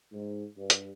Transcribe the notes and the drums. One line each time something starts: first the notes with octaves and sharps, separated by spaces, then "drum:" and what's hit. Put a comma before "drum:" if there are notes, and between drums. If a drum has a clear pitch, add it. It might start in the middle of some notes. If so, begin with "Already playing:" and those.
G#2
G2
drum: hi-hat